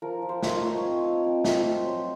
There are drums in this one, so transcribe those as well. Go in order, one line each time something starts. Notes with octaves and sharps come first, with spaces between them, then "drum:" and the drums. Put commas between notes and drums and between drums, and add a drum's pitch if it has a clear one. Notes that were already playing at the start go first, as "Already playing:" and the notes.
F3 A#4
F3
C5
D#4, drum: snare
D#5
F3 C#5
C5
C#5
C4
C4
C4
F3, drum: snare
C4 C5
F#3